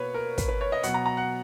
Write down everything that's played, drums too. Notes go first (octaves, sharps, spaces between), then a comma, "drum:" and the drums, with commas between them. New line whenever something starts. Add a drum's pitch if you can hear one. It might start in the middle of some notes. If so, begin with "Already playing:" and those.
Already playing: B2 A#3 B4 C#5
A#4
B4, drum: kick, hi-hat
B4
C#5
D#5
B2 F#3 B3 F#5, drum: hi-hat
A#5
A#5
F#5